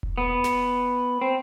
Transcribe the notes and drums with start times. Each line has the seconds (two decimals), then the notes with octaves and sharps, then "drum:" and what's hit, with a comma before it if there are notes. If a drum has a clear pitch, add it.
0.03 drum: kick E1
0.18 B3
0.44 drum: snare
1.21 C4